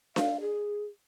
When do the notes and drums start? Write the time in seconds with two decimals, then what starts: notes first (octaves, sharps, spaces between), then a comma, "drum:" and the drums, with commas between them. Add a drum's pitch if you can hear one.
0.16 F5, drum: snare D4
0.41 G#4